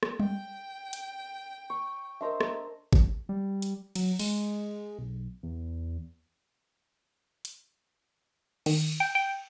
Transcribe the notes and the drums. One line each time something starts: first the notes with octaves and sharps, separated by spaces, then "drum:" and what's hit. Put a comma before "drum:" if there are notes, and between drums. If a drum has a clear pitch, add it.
drum: rim click
G5, drum: tom G3
drum: hi-hat
C#6
D4 A#4 C5 D#5 E5 A#5
drum: rim click
drum: kick G#1
G3
drum: hi-hat
F#3, drum: cymbal
G#3, drum: open hi-hat
B1
E2
drum: hi-hat
D#3, drum: cymbal
G5
G5